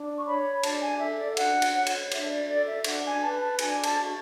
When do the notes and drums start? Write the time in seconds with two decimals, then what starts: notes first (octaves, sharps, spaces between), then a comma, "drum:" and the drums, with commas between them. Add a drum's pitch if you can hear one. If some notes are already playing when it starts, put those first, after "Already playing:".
Already playing: D4
0.18 C#6
0.26 C#5 B5
0.63 D4 A5, drum: cymbal
0.82 G#5
1.00 A4 E5
1.19 D5
1.30 E5
1.37 D4 F#5, drum: cymbal
1.62 drum: cymbal
1.74 C#5
1.87 drum: cymbal
2.11 D4 E5, drum: cymbal
2.29 D5
2.48 A4 D5
2.66 E5
2.84 D4 F#5, drum: cymbal
3.04 G#5
3.22 B4 A5
3.40 A5
3.59 D4 G#5, drum: cymbal
3.83 A5, drum: cymbal
3.96 F#4